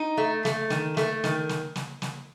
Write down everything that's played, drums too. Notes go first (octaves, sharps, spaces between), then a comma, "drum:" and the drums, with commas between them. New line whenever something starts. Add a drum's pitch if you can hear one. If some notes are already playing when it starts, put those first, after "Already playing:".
Already playing: D#4
A3
A3, drum: snare
D#3, drum: snare
A3, drum: snare
D#3, drum: snare
drum: snare
drum: snare
drum: snare